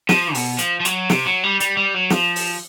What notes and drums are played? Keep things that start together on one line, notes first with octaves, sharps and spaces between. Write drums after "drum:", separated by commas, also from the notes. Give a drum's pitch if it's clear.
F3, drum: snare
B2, drum: open hi-hat
F3, drum: hi-hat
F3
F#3, drum: hi-hat
C3, drum: snare
F#3
G3
G3, drum: hi-hat
G3
F#3
F3, drum: snare
drum: open hi-hat